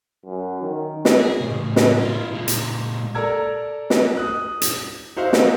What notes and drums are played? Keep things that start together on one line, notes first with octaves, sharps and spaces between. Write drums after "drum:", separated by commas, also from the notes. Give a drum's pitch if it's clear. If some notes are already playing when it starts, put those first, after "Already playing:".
F#2
D#3
drum: snare
G#4
A2 C#3
drum: snare
E4 F4
A#2 G#3
drum: hi-hat
A4 A#4 D5 A#5 E6 G#6
drum: snare
D#6 F#6
drum: hi-hat
D#4 F#4 C5 E5 F5
drum: snare